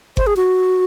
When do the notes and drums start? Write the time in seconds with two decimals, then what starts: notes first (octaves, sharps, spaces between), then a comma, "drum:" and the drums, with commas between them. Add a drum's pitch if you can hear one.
0.17 C5, drum: kick G1
0.27 G#4
0.36 F#4